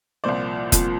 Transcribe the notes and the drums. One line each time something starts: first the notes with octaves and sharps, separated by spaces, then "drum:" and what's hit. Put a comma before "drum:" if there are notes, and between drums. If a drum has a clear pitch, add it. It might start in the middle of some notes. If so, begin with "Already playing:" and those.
C2 A#2 F3 C5 D5
C2 A#2 F3, drum: kick F1, hi-hat